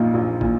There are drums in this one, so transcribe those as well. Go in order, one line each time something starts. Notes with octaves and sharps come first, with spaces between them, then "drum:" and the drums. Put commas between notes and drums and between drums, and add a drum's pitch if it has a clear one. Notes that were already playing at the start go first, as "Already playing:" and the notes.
Already playing: A#1 A#2 D#4 F4
A#1
A#2, drum: kick